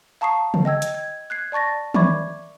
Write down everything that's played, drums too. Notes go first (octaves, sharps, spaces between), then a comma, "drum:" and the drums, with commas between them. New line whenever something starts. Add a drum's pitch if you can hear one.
F5 A5 A#5 C#6 D#6 C7
drum: tom C#3
D#5 G5 E6 G#6
drum: hi-hat
G#6
F#6 G#6 C7
D5 A5 C#6 A6 A#6
D5 E5 B5 C#6 D6 G#6, drum: tom D#3